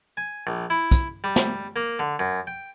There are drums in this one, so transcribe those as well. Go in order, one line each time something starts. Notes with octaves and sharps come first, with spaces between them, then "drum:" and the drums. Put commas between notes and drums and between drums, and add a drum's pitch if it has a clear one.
G#5
A#1
E4
drum: kick, hi-hat
G3
drum: snare
A#3
D3
F#2
G5